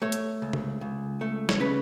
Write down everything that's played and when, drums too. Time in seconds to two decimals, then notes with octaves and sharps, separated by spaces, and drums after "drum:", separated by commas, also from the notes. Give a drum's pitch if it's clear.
0.02 A3 C#5
0.12 drum: hi-hat
0.42 C#2
0.53 drum: tom
0.81 C#2
1.21 A3
1.49 C#5, drum: snare
1.60 C#3 B4